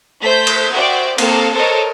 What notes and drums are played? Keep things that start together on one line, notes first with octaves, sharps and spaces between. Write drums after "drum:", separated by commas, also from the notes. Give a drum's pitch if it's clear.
A3 C5 G6 B6
drum: cymbal
F#4 C5 D5 E5 G5
A#3 C4 A4 F5 A5, drum: cymbal
A4 A#4 C5 C#5 D#5